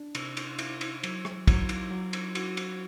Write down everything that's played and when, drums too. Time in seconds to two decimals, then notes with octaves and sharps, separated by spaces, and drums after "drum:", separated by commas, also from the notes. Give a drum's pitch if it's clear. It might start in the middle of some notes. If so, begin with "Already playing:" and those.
Already playing: D4
0.15 C3, drum: cymbal
0.37 drum: cymbal
0.59 E4, drum: cymbal
0.81 drum: cymbal
1.04 F#3, drum: cymbal
1.25 drum: rim click
1.47 F#3, drum: kick, cymbal
1.69 drum: cymbal
1.90 F#3
2.13 drum: cymbal
2.35 F#4, drum: cymbal
2.57 drum: cymbal